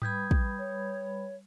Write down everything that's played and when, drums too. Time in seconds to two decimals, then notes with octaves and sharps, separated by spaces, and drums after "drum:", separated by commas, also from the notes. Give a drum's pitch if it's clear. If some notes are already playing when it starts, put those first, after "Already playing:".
0.02 G3 B4 B5 D#6 G6 G#6, drum: tom G#2
0.31 drum: kick
0.58 C#5